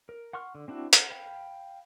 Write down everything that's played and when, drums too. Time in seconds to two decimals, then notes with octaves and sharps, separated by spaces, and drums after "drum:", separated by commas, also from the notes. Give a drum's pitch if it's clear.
0.09 A#4
0.33 F#5 C6 C#6 F6
0.55 D3
0.68 C4 D4 E4 F#4
0.93 F#5 A#5 F6, drum: hi-hat
1.10 F5 G5 B5